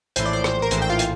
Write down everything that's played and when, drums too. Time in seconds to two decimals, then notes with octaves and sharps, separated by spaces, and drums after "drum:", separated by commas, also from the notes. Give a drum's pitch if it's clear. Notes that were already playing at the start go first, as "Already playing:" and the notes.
0.16 A#1 A2 E3 C5, drum: hi-hat
0.26 D5
0.33 C5
0.44 C5, drum: rim click
0.62 A#4
0.71 A#1 A2 E3 C5, drum: hi-hat
0.82 G5
0.90 F4 F5
0.99 drum: hi-hat